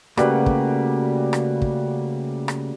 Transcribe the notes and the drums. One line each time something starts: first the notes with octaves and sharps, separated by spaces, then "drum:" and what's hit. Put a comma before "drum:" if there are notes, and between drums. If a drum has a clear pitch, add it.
C#3 G3 A3 A#3 F#4 B4, drum: rim click
drum: kick
drum: rim click
drum: kick
drum: rim click